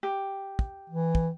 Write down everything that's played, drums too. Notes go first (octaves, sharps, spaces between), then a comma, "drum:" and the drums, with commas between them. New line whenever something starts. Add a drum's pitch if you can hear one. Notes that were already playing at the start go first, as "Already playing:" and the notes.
G4
drum: kick
E3
drum: kick